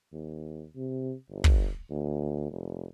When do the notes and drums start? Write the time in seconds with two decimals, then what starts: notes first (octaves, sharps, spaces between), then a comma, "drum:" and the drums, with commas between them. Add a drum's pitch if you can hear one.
0.13 D#2
0.76 C3
1.30 G1
1.44 drum: kick
1.91 D2
2.51 F1